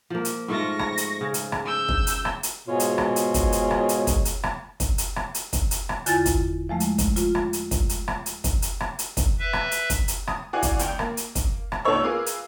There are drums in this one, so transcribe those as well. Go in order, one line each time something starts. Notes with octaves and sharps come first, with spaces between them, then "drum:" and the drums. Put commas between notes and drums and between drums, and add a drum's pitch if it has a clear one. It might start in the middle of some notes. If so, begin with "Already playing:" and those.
F3 A#3
drum: hi-hat
G#2 A3 F4 C#6 A#6
drum: rim click
drum: hi-hat
C#3
drum: hi-hat
drum: rim click
E6 G6
drum: kick
drum: hi-hat
drum: rim click
drum: hi-hat
G#2 B2 F4 G#4 C#5 D#5
drum: hi-hat
drum: rim click
drum: hi-hat
drum: kick, hi-hat
drum: hi-hat
drum: rim click
drum: hi-hat
drum: kick, hi-hat
drum: hi-hat
drum: rim click
drum: kick, hi-hat
drum: hi-hat
drum: rim click
drum: hi-hat
drum: kick, hi-hat
drum: hi-hat
drum: rim click
E2 D3 F4 G#5 A6, drum: hi-hat
drum: kick, hi-hat
F3 G#3 A3
drum: hi-hat
drum: kick, hi-hat
F4, drum: hi-hat
drum: rim click
drum: hi-hat
drum: kick, hi-hat
drum: hi-hat
drum: rim click
drum: hi-hat
drum: kick, hi-hat
drum: hi-hat
drum: rim click
drum: hi-hat
drum: kick, hi-hat
B4 E5
drum: rim click
drum: hi-hat
drum: kick, hi-hat
drum: hi-hat
D#6, drum: rim click
E4 F#4 D5 F5 F#5 G#5
drum: kick, hi-hat
C#2 G5, drum: hi-hat
A#3, drum: rim click
drum: hi-hat
drum: kick, hi-hat
drum: rim click
C#2 A#2 D#4 A4 C#5 E6
F4 G#4 A#4 B4 F5 D6
drum: hi-hat